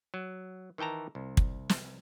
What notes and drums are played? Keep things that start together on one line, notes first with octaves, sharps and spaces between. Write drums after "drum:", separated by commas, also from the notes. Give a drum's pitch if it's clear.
F#3
D#3 E3 G5 A5 A#5
C2
drum: kick
drum: snare